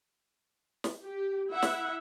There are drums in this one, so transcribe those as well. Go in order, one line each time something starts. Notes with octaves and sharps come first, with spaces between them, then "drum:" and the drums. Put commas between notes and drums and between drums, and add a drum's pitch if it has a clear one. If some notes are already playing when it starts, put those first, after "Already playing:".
drum: snare
G4
E4 E5 F#5
drum: snare